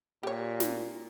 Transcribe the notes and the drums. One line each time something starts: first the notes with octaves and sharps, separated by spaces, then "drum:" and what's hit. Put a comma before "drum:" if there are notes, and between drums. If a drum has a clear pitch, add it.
A#2 G4 C#5
drum: snare